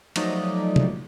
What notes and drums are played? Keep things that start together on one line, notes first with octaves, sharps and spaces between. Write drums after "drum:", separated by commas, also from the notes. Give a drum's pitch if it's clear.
F3 F#3 A3 D#4 D5 D#5, drum: cymbal
drum: tom C3